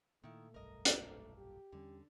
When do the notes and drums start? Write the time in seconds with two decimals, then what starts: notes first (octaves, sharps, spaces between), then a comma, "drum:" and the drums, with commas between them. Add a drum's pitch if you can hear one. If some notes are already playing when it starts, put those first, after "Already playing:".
0.23 A#2 D#3 A3 E4
0.54 F1 B1 G2 A#4 D#5
0.85 drum: hi-hat
0.98 A#2 A3 A4
1.37 G4
1.72 E2 D3 G3 C#4